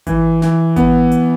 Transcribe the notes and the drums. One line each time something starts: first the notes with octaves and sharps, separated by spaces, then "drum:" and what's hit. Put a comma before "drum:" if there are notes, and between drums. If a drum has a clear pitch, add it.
E3, drum: kick G#1, hi-hat
E3, drum: snare
B3, drum: kick G#1, hi-hat
drum: hi-hat